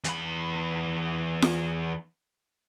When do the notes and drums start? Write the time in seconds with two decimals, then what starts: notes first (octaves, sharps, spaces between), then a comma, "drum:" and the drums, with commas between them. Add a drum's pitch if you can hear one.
0.04 E2 B5, drum: hi-hat
1.42 drum: snare F4